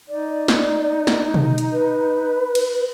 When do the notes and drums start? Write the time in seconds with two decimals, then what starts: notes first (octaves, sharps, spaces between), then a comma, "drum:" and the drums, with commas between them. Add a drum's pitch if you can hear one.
0.09 D#4 D5
0.48 drum: snare
1.07 drum: snare
1.34 drum: tom B2
1.58 drum: hi-hat
1.73 B4
2.55 drum: cymbal